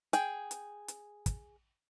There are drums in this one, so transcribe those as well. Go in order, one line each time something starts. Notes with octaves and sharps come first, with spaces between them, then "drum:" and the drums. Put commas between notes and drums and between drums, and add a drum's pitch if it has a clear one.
G#4 G5, drum: hi-hat
drum: hi-hat
drum: hi-hat
drum: kick, hi-hat